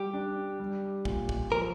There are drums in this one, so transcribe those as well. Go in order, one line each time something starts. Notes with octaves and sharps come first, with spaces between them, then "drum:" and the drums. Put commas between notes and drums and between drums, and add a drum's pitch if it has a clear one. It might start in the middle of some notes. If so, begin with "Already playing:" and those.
Already playing: G3 G4
D4
G3
A#2, drum: kick
drum: kick
F3 A#4